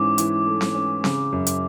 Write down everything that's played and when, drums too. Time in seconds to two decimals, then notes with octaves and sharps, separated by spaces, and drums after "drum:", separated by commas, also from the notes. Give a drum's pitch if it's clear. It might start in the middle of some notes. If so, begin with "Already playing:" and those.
Already playing: G#2 E3 C#4 D6
0.18 E3, drum: hi-hat
0.47 A3
0.61 drum: snare C4
0.75 C#4
1.04 C#3, drum: snare C4
1.32 F#2
1.47 drum: hi-hat